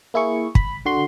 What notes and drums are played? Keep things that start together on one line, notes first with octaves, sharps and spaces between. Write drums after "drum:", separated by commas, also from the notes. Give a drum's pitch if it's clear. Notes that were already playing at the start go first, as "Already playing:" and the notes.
A#3 E4 G#4 C#6
B5, drum: kick
D3 F#4 C6